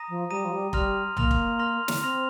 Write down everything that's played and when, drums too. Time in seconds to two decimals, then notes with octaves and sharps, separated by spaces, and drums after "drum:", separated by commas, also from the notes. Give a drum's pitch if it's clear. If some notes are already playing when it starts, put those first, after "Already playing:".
Already playing: A#5 D#6 A#6 D#7
0.09 F3
0.30 G3 A#5 D#6 A#6 D#7
0.45 F3
0.52 G3
0.73 G3 C6 F6 A#6 F7, drum: kick F1
1.17 A#3 C6 F6 A#6 F7, drum: tom B1
1.31 drum: kick F1
1.59 C6 F6 A#6 F7
1.88 drum: snare
2.02 C4 C6 F6 A#6 F7